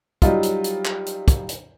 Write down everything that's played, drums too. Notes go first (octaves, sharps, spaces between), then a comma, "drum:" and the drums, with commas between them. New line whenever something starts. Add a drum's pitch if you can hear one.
F#3 G3 D#4 F4, drum: kick, hi-hat
drum: hi-hat
drum: hi-hat
drum: clap
drum: hi-hat
drum: kick, hi-hat
drum: hi-hat